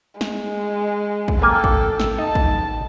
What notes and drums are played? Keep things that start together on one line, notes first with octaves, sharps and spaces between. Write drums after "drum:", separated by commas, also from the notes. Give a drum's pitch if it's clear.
G#3, drum: snare
drum: kick
A#3 A4 G5 G#5
drum: kick
drum: snare
D#4 A5
drum: kick